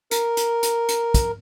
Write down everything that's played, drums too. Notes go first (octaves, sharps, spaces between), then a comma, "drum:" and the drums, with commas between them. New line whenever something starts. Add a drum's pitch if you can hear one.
A#4, drum: hi-hat
drum: hi-hat
drum: hi-hat
drum: hi-hat
drum: kick, hi-hat